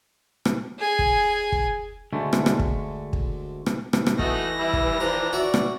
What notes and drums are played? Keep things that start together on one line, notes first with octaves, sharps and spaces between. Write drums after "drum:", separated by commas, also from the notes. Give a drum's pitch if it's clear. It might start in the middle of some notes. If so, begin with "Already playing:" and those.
drum: rim click
G#4 G#5
drum: kick
drum: kick
D2 D3 G#3 A3
drum: rim click
drum: rim click
drum: kick
drum: kick
drum: rim click
drum: rim click
drum: rim click
E3 A3 D#4 F#4 A#6, drum: kick
G3 E4
drum: kick
F3 D4 C5 A#5
F#4 C#5 D5 E5
drum: rim click